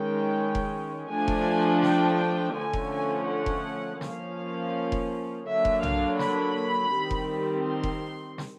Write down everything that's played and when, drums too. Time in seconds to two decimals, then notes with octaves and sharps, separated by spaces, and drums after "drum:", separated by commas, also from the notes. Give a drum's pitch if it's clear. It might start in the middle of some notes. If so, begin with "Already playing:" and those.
Already playing: D#3 G#3 C#4 G5
0.55 drum: kick F1
1.09 F3 A3 D4 G#5
1.28 drum: kick F1
1.83 G5, drum: snare
2.55 D3 F3 A3 C#4 G#5
2.73 drum: kick F1
2.92 G#5
3.28 F#5
3.46 drum: kick F1
4.01 F3 A#3 C#4 F5, drum: snare
4.92 drum: kick F1
5.47 D3 F#3 A#3 D4 E5
5.65 drum: kick F1
5.83 F5, drum: tom B1
6.19 B5, drum: snare
6.92 D#3 G3 C4
7.11 drum: kick F1
7.65 C6
7.83 drum: kick F1
8.38 drum: snare